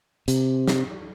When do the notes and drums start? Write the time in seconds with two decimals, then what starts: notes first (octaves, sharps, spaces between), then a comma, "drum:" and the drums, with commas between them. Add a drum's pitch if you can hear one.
0.28 C3, drum: hi-hat
0.68 drum: snare